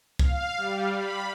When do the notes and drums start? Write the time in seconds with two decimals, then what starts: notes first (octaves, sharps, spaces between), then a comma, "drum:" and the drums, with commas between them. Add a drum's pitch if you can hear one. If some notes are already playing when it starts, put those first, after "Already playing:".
0.19 F5, drum: kick C2
0.57 G3
0.93 B5